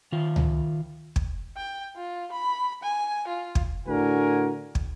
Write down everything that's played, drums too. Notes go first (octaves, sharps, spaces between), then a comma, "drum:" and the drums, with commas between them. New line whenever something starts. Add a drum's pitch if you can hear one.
D#3 F4
drum: tom C#2
drum: kick
G5
F4
B5
G#5
F4
drum: kick
A2 D3 D4 F#4 A#4 G#5
drum: kick